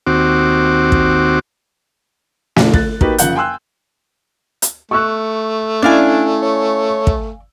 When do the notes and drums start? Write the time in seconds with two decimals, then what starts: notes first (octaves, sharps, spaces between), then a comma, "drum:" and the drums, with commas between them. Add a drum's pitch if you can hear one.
0.07 D#2 C4 F#4 D6
0.92 drum: kick
2.56 A#1 D3 D5, drum: snare
2.74 F#6 A6, drum: kick
3.01 A#3 D#4 F#4 G4 A#4 B4, drum: kick
3.18 F#1 C#3 F3 F#5 G6, drum: hi-hat
3.35 G5 G#5 C6 E6 F#6
4.62 drum: hi-hat
4.91 A3 C#6 E6 F#6
5.83 C#4 D4 E4 D5 F5 G#5
6.42 C#5
7.07 drum: kick